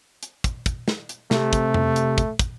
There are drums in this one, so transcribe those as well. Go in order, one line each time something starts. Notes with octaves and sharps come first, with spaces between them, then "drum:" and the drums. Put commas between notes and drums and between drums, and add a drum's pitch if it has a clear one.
drum: hi-hat
drum: kick, hi-hat
drum: kick, hi-hat
drum: snare
drum: hi-hat
C3 A3, drum: snare
drum: kick, hi-hat
drum: tom F2
drum: hi-hat
drum: kick, hi-hat
drum: kick, hi-hat